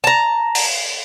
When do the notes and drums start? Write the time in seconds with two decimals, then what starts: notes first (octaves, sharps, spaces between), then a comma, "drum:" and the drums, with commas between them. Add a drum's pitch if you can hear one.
0.04 A5 A#5
0.55 drum: open hi-hat